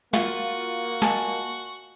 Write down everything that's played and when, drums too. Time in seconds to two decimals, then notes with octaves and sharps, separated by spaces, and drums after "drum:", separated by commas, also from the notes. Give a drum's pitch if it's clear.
0.13 A#3 F4 F#4, drum: snare
1.02 D#5 G#5 A5, drum: snare